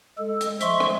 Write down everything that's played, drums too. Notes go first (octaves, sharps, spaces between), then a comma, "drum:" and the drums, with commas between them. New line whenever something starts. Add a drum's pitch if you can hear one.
G#3 A4
drum: hi-hat
F3 G#3 E5 C6 C#6, drum: hi-hat
drum: rim click